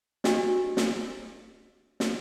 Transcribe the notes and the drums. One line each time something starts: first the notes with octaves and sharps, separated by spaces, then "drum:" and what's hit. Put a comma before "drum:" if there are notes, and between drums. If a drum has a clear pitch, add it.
D4 F#4 G4 D#5, drum: snare
drum: snare
drum: snare